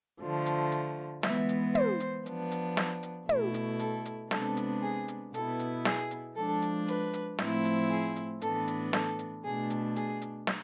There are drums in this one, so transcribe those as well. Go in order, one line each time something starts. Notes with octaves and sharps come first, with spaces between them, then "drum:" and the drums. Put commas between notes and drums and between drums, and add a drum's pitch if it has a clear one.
D3 F3 A3
drum: hi-hat
drum: hi-hat
E3 G#3 B3 E5, drum: snare
drum: hi-hat
C5, drum: tom
drum: hi-hat
F3 B3 D4, drum: hi-hat
drum: hi-hat
drum: snare
drum: hi-hat
B2 A3 E4, drum: tom
drum: hi-hat
A4, drum: hi-hat
drum: hi-hat
C3 G#3 B3 D4 A4, drum: snare
drum: hi-hat
G#4
drum: hi-hat
B2 B3 E4 A4, drum: hi-hat
drum: hi-hat
G#4, drum: snare
drum: hi-hat
F3 G#3 D4 A4
drum: hi-hat
B4, drum: hi-hat
drum: hi-hat
A2 F3 A3 C4 E4, drum: snare
drum: hi-hat
G#4
drum: hi-hat
A2 E3 B3 D4 A4, drum: hi-hat
drum: hi-hat
A4, drum: snare
drum: hi-hat
B2 A3 D4 G#4
drum: hi-hat
G#4, drum: hi-hat
drum: hi-hat
drum: snare